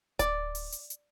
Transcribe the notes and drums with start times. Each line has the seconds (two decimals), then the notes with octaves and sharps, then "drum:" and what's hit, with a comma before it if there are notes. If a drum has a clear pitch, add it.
0.19 D5, drum: kick D1, hi-hat
0.55 drum: open hi-hat
0.72 drum: hi-hat
0.90 drum: hi-hat